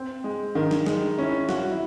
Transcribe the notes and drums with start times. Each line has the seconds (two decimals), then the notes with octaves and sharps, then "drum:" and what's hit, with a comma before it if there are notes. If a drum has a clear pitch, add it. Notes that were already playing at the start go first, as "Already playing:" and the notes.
Already playing: C4
0.24 G#3
0.55 D#3
0.71 drum: snare
0.86 G#3, drum: snare
1.18 C#4 E4
1.49 F#4, drum: snare
1.72 E4